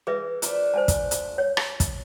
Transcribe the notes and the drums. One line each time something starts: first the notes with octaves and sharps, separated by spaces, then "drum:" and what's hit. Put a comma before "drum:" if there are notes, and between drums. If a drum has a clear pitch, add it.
E3 G#4 B4 E5
F3 A3 D4, drum: hi-hat
C5 G#5 A5
drum: kick, hi-hat
drum: hi-hat
C#5
drum: rim click
drum: kick, hi-hat